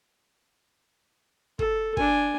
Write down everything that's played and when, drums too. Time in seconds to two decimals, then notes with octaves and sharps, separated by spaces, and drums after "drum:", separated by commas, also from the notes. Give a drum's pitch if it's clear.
1.59 A4, drum: kick
1.97 D4 G#5, drum: kick